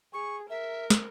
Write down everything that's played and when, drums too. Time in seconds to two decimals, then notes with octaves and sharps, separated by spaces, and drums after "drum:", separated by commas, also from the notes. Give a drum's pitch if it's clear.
0.13 G#4 C#6
0.50 A#4 E5
0.90 drum: snare